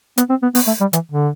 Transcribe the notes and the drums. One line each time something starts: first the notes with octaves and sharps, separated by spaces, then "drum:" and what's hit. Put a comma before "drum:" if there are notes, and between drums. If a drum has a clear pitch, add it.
B3, drum: hi-hat
C4
B3
B3, drum: open hi-hat
A3
G3
E3, drum: hi-hat
D3